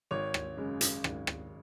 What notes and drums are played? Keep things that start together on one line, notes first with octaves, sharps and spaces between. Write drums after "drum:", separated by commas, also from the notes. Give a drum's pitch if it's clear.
G#1 C#5
drum: rim click
F#2 C#3 G#3
drum: hi-hat
G#1, drum: rim click
drum: rim click